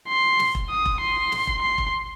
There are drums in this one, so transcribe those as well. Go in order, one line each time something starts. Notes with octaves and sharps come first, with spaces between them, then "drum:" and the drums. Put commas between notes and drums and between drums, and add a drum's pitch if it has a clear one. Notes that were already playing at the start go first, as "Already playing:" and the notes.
C6
drum: snare
drum: kick E1
D#6
drum: kick E1
C6
drum: snare
drum: kick E1
C6
drum: kick E1